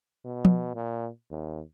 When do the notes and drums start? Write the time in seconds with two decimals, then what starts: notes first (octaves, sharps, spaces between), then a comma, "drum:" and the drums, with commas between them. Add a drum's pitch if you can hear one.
0.25 B2
0.45 drum: tom F3
0.75 A#2
1.31 D#2